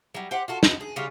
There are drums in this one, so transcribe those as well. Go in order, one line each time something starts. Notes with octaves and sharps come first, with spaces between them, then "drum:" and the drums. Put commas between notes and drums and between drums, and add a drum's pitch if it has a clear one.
F#3 G3
G4 C5 F#5
F4 F#4 A4
B3 D#4, drum: snare
G#4
C#3 F#3 G3 F4